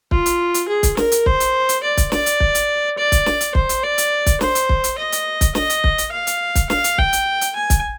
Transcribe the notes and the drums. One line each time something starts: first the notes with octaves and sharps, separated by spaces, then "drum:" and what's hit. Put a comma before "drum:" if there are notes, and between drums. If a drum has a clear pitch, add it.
F4, drum: kick
drum: hi-hat
drum: hi-hat
G#4
drum: kick, hi-hat
A#4, drum: snare
drum: hi-hat
C5, drum: kick
drum: hi-hat
drum: hi-hat
D5
drum: kick, hi-hat
D5, drum: snare
drum: hi-hat
drum: kick
drum: hi-hat
D5
drum: kick, hi-hat
drum: snare
drum: hi-hat
C5, drum: kick
drum: hi-hat
D5
drum: hi-hat
drum: kick, hi-hat
C5, drum: snare
drum: hi-hat
drum: kick
drum: hi-hat
D#5
drum: hi-hat
drum: kick, hi-hat
D#5, drum: snare
drum: hi-hat
drum: kick
drum: hi-hat
F5
drum: hi-hat
drum: kick, hi-hat
F5, drum: snare
drum: hi-hat
G5, drum: kick
drum: hi-hat
drum: hi-hat
G#5
drum: kick, hi-hat